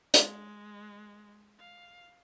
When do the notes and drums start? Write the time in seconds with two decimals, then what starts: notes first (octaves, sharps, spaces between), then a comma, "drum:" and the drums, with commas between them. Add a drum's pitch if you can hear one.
0.14 G#3, drum: hi-hat
1.59 F5